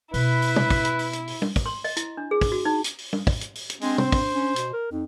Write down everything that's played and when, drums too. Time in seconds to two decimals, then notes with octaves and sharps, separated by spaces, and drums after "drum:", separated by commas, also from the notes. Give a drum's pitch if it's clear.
0.14 B2 E4 B4, drum: open hi-hat
0.42 drum: open hi-hat
0.56 drum: tom
0.70 drum: kick, open hi-hat
0.85 drum: hi-hat
0.99 drum: open hi-hat
1.13 drum: hi-hat
1.27 drum: open hi-hat
1.42 drum: tom
1.56 drum: kick, open hi-hat
1.66 C6
1.84 D#5, drum: open hi-hat
1.97 E4, drum: hi-hat
2.17 D4
2.31 G#4
2.41 drum: kick, open hi-hat
2.52 F#4
2.65 D#4
2.84 drum: hi-hat
2.98 drum: open hi-hat
3.13 drum: tom
3.27 drum: kick, open hi-hat
3.41 drum: hi-hat
3.55 drum: open hi-hat
3.70 drum: hi-hat
3.81 G#3 C4 D4, drum: open hi-hat
3.98 C5, drum: tom
4.12 drum: kick, open hi-hat
4.34 C#4
4.56 B2, drum: hi-hat
4.73 A#4
4.92 F2 D#4